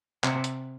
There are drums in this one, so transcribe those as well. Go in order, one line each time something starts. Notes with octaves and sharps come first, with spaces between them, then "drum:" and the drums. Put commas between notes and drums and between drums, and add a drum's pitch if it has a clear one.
C3, drum: clap
drum: hi-hat